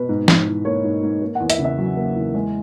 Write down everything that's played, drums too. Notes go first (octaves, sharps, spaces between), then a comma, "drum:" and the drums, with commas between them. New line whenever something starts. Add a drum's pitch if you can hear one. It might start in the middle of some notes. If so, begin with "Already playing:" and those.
Already playing: B2 B4
G#2
G#2, drum: snare
E3
A#3 C#5
G#2
G#2
A#3
F#5
E2
E5, drum: hi-hat
C#3
E5
F#3
A#3
E2
G#3